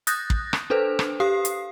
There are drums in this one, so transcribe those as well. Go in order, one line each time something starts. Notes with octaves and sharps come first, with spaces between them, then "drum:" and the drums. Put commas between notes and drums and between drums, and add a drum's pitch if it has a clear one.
D#6 F#6 G6 A6 A#6, drum: hi-hat
drum: kick
drum: rim click
D4 A4 B4 C5
drum: rim click
G4 F5 D#6 C7
drum: hi-hat